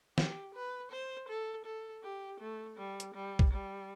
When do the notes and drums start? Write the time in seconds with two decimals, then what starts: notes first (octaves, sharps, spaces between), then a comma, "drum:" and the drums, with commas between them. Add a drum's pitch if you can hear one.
0.18 G4, drum: snare
0.55 B4
0.92 C5
1.29 A4
1.66 A4
2.03 G4
2.41 A3
2.78 G3
3.00 drum: hi-hat
3.15 G3
3.39 drum: kick
3.52 G3